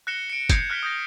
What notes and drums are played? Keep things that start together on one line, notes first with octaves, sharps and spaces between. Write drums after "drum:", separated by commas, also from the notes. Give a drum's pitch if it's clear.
F#6 A#6 C#7 E7 G7
C#7 D7
G6 G#6 C7 C#7 F7, drum: kick, hi-hat
F6 F#6 A#6 B6 G7
D#6 G6 A#6